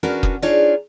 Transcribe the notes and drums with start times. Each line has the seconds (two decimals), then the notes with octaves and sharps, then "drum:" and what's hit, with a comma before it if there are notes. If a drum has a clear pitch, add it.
0.03 C#4 D4 F#4 A#4 B4
0.23 drum: kick
0.42 D4 D#4 F4 G#4 C#5 D5